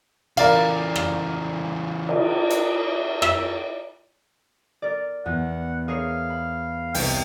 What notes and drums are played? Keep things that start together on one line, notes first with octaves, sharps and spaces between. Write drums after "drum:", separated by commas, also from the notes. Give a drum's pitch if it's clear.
C#3 E3 A#4 D5 F5, drum: cymbal
drum: rim click
drum: cymbal
drum: hi-hat
E5, drum: rim click
A#4 D5
E2 F#5
G#4 A#4 C#5 F5
B5
C2 G5, drum: open hi-hat